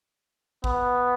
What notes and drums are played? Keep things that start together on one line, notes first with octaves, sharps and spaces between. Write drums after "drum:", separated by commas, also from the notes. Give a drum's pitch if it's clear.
B3, drum: kick G#1